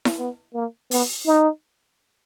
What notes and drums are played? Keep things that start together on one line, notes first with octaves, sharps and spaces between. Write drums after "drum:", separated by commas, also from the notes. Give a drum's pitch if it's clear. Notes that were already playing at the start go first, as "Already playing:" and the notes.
drum: snare E4
B3
A#3
B3, drum: open hi-hat
D#4